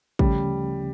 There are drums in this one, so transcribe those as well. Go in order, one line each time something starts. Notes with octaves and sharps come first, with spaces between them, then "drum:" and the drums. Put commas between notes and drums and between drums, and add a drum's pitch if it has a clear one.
D2 C#3 F3 G3 A3 C#4, drum: kick